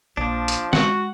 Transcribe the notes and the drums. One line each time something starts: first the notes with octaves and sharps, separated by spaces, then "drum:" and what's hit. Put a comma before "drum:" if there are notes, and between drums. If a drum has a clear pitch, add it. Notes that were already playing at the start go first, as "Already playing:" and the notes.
A#1 F3 D4
drum: hi-hat
G#3 F#4 F#5, drum: snare